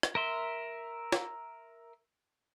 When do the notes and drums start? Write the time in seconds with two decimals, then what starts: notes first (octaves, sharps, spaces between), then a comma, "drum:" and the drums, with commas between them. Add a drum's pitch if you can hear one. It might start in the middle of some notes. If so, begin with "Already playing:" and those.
0.03 drum: rim click
0.15 A#4 E5 C6
1.12 drum: snare